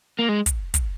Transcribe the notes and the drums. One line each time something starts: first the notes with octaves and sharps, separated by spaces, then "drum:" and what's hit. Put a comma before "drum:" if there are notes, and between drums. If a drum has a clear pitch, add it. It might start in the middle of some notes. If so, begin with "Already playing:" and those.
A#3
G#3
drum: kick, hi-hat
drum: kick, hi-hat